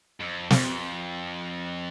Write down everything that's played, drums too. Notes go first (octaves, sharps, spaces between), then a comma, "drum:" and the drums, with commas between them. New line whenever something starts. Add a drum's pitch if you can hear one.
F2
F2, drum: snare